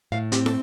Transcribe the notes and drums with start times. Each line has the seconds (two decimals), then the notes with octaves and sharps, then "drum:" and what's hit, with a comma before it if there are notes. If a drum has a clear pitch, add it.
0.12 A2 F5
0.32 C4 G4, drum: hi-hat
0.46 A4, drum: snare